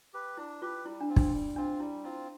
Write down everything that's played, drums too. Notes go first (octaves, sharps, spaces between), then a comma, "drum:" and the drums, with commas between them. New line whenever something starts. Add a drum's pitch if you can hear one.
G4 B4
D4 E4
F4 G4 B4
G3 E4
D4
C4 F4
D4, drum: kick
G3
C4 D4 F4
G3 E4
C4 E4 F4